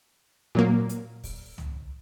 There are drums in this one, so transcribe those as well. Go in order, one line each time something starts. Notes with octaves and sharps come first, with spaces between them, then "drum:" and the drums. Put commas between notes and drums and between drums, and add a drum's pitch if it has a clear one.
A#2 F#3 A#3
drum: hi-hat
drum: kick, open hi-hat
drum: tom